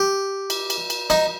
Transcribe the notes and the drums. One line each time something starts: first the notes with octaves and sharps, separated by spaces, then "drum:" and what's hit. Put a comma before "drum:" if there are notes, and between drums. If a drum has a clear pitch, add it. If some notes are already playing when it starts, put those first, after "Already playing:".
Already playing: G4
drum: cymbal
drum: cymbal
drum: cymbal
D#4, drum: cymbal